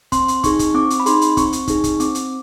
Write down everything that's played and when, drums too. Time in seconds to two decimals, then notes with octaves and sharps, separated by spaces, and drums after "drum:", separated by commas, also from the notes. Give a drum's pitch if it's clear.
0.12 C4 C6, drum: kick, hi-hat
0.28 drum: hi-hat
0.44 D#4 G#4 C#6, drum: kick, hi-hat
0.59 drum: kick, hi-hat
0.74 C4 D6
0.90 drum: hi-hat
1.00 B5
1.06 D#4 G#4 C6, drum: hi-hat
1.21 drum: hi-hat
1.37 C4 C#6, drum: kick, hi-hat
1.53 drum: hi-hat
1.67 D#4 G#4, drum: kick, hi-hat
1.84 drum: kick, hi-hat
2.00 C4 D6, drum: hi-hat
2.15 drum: hi-hat